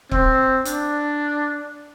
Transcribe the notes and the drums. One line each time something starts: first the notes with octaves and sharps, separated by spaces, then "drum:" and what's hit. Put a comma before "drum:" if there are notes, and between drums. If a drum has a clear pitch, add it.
C4, drum: kick C#1
D4, drum: hi-hat